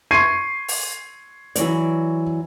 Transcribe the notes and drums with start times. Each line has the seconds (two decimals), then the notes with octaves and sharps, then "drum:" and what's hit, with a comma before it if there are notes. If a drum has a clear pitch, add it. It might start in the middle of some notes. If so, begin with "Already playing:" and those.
0.11 C6 C#6 G#6 C7 D#7
0.68 drum: open hi-hat
1.55 E3 F#3 D5, drum: hi-hat